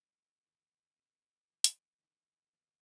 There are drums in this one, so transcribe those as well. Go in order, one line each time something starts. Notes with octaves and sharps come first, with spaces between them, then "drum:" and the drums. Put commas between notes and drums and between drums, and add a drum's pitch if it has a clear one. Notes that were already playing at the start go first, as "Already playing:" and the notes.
Already playing: G#2 F#3 C#4 E4
D#2 C#3 E3
B2 A3 C#4
F#2 C#3 E3
drum: hi-hat
D#2 C#3 E3 G#3 D#4
D#2 C#3 F#3 B3